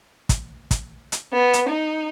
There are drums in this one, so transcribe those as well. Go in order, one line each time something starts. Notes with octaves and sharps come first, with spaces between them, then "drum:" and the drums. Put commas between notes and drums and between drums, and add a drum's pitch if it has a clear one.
drum: kick, hi-hat
drum: kick, hi-hat
drum: hi-hat
B3
drum: hi-hat
D#4